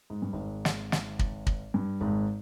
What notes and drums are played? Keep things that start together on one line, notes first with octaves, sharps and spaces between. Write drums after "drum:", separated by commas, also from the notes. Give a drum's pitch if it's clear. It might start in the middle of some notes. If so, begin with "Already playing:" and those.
G#2
G2
G#1 G#2
drum: snare
drum: snare
drum: kick
drum: kick
G2
G#1 G#2